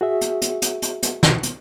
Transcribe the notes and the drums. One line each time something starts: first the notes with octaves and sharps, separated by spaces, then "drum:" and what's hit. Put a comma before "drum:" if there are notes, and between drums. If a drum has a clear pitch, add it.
F#4 G#4 E5
drum: hi-hat
drum: hi-hat
drum: hi-hat
drum: hi-hat
drum: hi-hat
drum: snare
drum: hi-hat